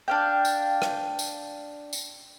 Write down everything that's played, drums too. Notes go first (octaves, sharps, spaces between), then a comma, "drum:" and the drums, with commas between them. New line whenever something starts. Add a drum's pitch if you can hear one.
D4 F5 G5
drum: tambourine
drum: rim click
drum: tambourine
drum: tambourine